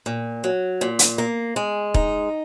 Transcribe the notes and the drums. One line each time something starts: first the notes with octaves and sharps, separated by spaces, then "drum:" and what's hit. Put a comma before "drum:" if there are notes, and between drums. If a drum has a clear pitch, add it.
A#2
F#3
A#2
drum: hi-hat
A#3
G#3
D#4, drum: kick